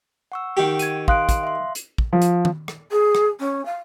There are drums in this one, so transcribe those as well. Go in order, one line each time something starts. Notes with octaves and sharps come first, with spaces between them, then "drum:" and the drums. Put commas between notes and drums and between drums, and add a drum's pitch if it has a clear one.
F#5 C#6 E6
D#3 G4
G#6 D#7, drum: hi-hat
F5 C6 D#6 F#6 D7, drum: kick
drum: kick, hi-hat
E5 C6
drum: hi-hat
drum: kick
F3
drum: hi-hat
drum: tom
drum: rim click
G#4
drum: rim click
C#4
F5